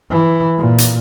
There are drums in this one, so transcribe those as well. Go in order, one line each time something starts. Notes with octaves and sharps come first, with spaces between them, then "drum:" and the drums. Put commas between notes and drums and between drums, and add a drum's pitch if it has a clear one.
E3
A#2
drum: hi-hat